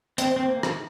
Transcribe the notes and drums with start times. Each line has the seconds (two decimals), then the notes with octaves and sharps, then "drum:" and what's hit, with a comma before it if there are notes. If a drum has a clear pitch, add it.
0.18 C4, drum: hi-hat
0.36 C4
0.48 A#3
0.63 drum: rim click